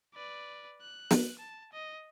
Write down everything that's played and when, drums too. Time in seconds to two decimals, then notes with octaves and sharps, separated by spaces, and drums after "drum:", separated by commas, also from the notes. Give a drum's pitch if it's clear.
0.14 B4 D5
0.82 F#6
1.11 drum: snare
1.39 A5
1.73 D#5